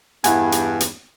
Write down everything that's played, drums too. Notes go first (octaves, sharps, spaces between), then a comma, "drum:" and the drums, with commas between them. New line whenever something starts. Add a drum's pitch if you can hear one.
E2 G2 E4 F#5 G#5, drum: hi-hat
drum: hi-hat
drum: hi-hat